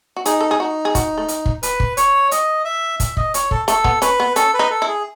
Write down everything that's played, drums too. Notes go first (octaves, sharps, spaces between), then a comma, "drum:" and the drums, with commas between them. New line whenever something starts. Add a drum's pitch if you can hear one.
F#4
D#4 G#4, drum: hi-hat
A4
G#4
D#4 F#4
G#4
F#4, drum: kick, hi-hat
A3
drum: hi-hat
drum: kick
B4, drum: hi-hat
drum: kick
C#5, drum: hi-hat
D#5, drum: hi-hat
E5
E5, drum: kick, hi-hat
D#5, drum: kick
C#5, drum: hi-hat
A4, drum: kick
A3 A4, drum: hi-hat
B3, drum: kick
C#4 B4, drum: hi-hat
B3
C#4 A4, drum: hi-hat
B4
D#4
A4
E4
G#4